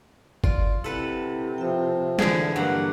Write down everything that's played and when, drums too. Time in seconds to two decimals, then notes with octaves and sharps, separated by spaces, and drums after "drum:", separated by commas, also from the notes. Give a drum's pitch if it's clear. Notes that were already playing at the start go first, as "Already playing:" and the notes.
0.44 F4 D5, drum: kick
0.84 C3 E4 A4 B4 F#5
1.58 F3 E5 G5
2.19 D3 E3 G#4 A4 D5, drum: snare
2.56 G2 F#3 A#3 D4 F#5